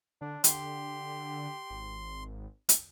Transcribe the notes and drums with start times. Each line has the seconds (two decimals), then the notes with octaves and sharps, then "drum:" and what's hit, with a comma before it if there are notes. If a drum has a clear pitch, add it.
0.21 D3 D4
0.44 D3 G4 C6, drum: hi-hat
1.70 G#1
2.69 drum: hi-hat